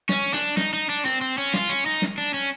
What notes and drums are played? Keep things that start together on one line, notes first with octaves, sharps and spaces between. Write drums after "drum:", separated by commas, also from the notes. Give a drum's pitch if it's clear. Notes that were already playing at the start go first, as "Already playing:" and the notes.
C#4, drum: snare
D4, drum: hi-hat
D#4, drum: snare
D#4
D4
C4, drum: hi-hat
C4
C#4
F4, drum: snare
C#4
D#4
drum: snare
D4
C#4